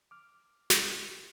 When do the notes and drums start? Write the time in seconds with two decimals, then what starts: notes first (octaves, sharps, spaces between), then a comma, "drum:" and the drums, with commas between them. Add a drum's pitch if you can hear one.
0.11 D6 F6
0.70 drum: snare